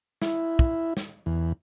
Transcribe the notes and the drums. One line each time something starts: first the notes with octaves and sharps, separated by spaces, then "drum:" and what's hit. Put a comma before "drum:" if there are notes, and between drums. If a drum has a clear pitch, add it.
E4, drum: snare
drum: kick
drum: snare
E2